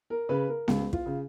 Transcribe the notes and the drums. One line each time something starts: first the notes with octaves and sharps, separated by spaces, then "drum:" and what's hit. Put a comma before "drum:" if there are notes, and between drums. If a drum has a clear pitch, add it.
A#4
C#3 B4
A#4
C#2, drum: snare B3
F4, drum: kick
C#3